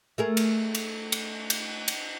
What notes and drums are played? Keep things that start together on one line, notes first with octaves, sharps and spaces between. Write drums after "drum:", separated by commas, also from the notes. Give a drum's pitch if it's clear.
A3 G#4 A#4
drum: cymbal
drum: cymbal
drum: cymbal
drum: cymbal
drum: cymbal